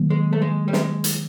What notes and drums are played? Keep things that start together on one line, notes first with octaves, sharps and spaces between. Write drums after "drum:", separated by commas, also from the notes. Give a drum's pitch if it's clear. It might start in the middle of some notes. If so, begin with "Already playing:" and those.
Already playing: D#3 F#3 A#3
G#3
A3
G#3
G3
G#3, drum: snare
drum: hi-hat